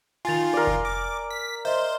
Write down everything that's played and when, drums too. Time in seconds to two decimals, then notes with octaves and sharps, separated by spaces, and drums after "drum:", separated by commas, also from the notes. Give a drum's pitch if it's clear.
0.25 D#3 F4 G#5 A6 F7
0.53 A#4 D5
0.67 drum: kick F1
0.85 D6
1.31 B6
1.65 C5 D#5 E5